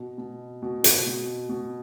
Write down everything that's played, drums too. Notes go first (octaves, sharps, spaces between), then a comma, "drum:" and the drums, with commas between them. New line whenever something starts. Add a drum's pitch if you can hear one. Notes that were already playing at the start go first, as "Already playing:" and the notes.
Already playing: B2
B2
B2
drum: hi-hat
B2
B2